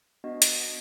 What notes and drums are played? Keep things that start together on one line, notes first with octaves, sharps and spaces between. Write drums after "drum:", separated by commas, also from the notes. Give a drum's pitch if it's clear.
B3 D4 F#4 D#5
drum: hi-hat